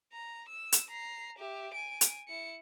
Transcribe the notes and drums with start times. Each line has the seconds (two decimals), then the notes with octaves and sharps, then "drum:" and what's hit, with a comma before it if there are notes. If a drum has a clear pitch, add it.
0.13 A#5
0.49 E6
0.72 drum: hi-hat
0.90 A#5 C7
1.38 G4 E5
1.73 G#5 D7
2.01 drum: hi-hat
2.28 E4 C#7